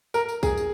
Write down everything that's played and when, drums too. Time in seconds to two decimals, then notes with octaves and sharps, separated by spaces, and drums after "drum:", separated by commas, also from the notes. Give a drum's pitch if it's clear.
0.14 A#4, drum: tambourine
0.29 drum: tambourine
0.43 G#4, drum: kick, tambourine
0.57 drum: tambourine